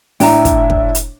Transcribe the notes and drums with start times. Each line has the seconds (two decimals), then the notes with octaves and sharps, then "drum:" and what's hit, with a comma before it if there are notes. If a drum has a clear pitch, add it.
0.20 A2 D4 E5 G5 A#5, drum: open hi-hat
0.45 drum: kick, hi-hat
0.70 drum: kick
0.95 drum: hi-hat